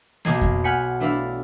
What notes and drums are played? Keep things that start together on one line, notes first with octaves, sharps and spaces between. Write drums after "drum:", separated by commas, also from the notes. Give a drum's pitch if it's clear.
B1 A#3 G4 D#5 G#6 C7, drum: snare
drum: kick F2
F#5 G#5 F6 G6 B6 C#7
A3 D4 E4 B4 E5 F5